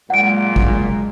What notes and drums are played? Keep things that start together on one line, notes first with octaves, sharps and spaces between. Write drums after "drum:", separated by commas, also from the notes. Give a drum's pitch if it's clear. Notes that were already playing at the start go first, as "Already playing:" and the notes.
A#2 F#3 G#3 F#5 D7
drum: kick G#1